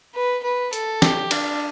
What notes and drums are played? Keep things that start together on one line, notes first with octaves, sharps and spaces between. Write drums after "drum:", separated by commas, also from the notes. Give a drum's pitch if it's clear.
B4
B4
A4, drum: hi-hat
G4, drum: snare
D4, drum: cymbal